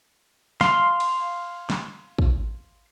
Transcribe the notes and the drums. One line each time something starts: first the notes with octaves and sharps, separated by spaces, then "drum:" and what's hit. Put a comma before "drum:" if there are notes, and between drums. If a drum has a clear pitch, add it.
F5 C6, drum: snare
drum: cymbal
drum: snare
drum: kick